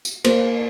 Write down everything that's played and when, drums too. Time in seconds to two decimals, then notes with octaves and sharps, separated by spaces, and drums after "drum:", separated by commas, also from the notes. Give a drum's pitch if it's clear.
0.05 drum: tambourine
0.24 A#3 C5, drum: cymbal